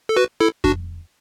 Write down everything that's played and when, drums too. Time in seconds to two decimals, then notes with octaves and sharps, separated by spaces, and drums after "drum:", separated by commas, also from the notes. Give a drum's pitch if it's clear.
0.09 A4
0.16 F#4 B4
0.40 E4 A4
0.64 D4 F#4, drum: kick F2